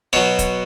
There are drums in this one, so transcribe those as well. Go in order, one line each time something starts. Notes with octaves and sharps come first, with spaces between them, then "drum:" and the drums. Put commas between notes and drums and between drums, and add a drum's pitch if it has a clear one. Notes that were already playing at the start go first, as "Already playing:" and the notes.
B2 F#3 C#5
drum: kick, hi-hat